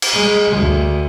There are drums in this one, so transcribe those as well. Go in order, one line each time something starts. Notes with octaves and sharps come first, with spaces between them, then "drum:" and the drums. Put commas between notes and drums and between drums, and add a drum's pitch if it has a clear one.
drum: cymbal
G#3
D2